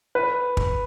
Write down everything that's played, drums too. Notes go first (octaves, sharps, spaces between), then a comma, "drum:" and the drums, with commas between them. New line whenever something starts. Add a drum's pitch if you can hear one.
B4
drum: kick